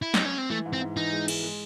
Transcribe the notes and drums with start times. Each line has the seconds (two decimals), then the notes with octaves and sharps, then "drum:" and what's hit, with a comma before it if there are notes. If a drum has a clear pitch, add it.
0.02 E4
0.14 D#4, drum: snare
0.26 C#4
0.38 C4
0.50 E3 A3
0.66 G#2
0.73 C4
0.81 G#2
0.97 E3 D#4
1.13 G#3
1.28 G#3, drum: cymbal
1.44 G#3